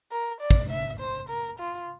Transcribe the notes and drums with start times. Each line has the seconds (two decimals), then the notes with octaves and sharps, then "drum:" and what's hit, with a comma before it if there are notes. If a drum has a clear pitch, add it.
0.11 A#4
0.41 D5
0.51 drum: kick
0.70 E5
0.99 C5
1.29 A#4
1.59 F4